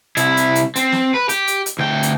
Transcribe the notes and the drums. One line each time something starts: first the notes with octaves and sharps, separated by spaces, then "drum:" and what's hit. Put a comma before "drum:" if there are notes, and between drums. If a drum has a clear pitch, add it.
C2 E4, drum: hi-hat
drum: hi-hat
drum: hi-hat
C4, drum: hi-hat
drum: snare
B4
G4, drum: hi-hat
drum: hi-hat
drum: hi-hat
D2 G5
drum: hi-hat